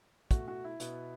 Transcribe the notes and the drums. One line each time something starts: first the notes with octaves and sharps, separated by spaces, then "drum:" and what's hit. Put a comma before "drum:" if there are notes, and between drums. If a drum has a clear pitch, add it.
B2 A3 F#4, drum: kick, hi-hat
F#4
E4
B2 B3, drum: hi-hat